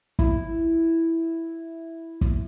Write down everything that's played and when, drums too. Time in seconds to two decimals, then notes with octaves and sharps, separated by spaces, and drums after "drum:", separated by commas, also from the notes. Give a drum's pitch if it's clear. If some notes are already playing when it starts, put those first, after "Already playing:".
0.19 E4, drum: kick
2.21 drum: kick